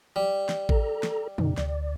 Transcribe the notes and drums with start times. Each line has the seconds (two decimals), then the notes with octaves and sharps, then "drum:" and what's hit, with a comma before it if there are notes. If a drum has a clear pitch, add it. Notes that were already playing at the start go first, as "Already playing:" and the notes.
0.16 G3
0.49 drum: snare
0.69 A4 A#5, drum: kick A1
1.03 drum: snare
1.38 F#2 B2 D#4, drum: tom
1.58 D2 D5, drum: snare